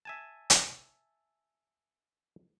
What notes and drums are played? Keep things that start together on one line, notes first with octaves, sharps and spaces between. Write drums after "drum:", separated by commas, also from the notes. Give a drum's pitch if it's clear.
E5 G#5 A5
drum: hi-hat